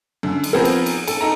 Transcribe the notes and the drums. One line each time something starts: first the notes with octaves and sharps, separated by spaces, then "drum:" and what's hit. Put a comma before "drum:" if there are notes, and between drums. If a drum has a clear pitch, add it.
F#2 D3
drum: cymbal
F3 B3 C4 G#4 A#4
drum: cymbal
drum: cymbal
A4, drum: cymbal
D#4 A4 A#5